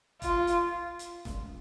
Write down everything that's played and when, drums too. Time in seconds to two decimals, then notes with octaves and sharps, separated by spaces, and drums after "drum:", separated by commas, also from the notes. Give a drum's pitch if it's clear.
0.22 F4, drum: kick E1, hi-hat
0.47 drum: hi-hat
0.99 drum: hi-hat
1.25 drum: snare